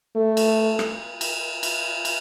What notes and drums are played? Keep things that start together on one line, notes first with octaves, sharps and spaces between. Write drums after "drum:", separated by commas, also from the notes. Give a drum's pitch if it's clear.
A3
drum: cymbal
drum: rim click
drum: cymbal
drum: cymbal
drum: cymbal